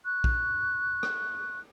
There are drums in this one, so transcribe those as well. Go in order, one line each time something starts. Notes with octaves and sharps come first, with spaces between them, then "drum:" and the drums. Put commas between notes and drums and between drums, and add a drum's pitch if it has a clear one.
C#6 F#6
drum: kick A#1
drum: rim click